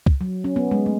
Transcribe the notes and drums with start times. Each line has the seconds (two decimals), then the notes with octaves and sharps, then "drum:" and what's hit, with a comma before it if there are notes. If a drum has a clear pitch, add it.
0.06 drum: kick
0.21 F#3
0.44 C#4
0.56 B3
0.71 G#3
0.86 A3